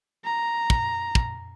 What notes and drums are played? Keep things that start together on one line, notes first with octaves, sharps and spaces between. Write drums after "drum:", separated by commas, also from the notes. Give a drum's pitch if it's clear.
A#5
drum: kick
drum: kick